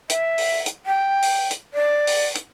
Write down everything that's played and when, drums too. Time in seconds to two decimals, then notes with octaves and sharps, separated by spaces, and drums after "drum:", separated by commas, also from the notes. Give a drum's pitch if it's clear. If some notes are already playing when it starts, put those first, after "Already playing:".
0.10 E5, drum: hi-hat
0.38 drum: open hi-hat
0.66 drum: hi-hat
0.86 G5
1.22 drum: open hi-hat
1.51 drum: hi-hat
1.74 D5
2.07 drum: open hi-hat
2.35 drum: hi-hat